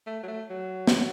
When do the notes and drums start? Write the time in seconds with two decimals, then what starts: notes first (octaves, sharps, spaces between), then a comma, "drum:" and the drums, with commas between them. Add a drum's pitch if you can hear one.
0.07 A3
0.23 F#3
0.28 A3
0.50 F#3
0.87 drum: snare